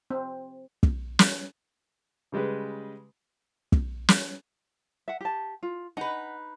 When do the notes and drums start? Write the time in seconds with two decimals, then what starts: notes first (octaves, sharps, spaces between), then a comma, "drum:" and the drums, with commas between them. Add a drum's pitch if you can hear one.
0.10 C4
0.83 drum: kick
1.19 drum: snare
2.32 C#3 G3 G#3 G#4 B4
3.72 drum: kick
4.09 drum: snare
5.08 E5 F#5
5.21 G4 A5
5.63 F4
5.97 D#4 B4 F#5 G#5